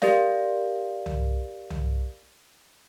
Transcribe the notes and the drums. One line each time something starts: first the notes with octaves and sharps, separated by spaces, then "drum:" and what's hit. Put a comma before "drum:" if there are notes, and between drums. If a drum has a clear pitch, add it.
G4 A#4 D5 F5, drum: snare
drum: tom
drum: tom